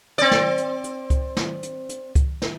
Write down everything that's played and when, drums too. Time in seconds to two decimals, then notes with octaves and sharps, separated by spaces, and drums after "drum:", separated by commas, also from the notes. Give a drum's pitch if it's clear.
0.18 C4 D5
0.31 drum: snare
0.58 drum: hi-hat
0.84 drum: hi-hat
1.10 drum: kick C#2, hi-hat
1.37 drum: snare
1.63 drum: hi-hat
1.89 drum: hi-hat
2.15 drum: kick C#2, hi-hat
2.42 drum: snare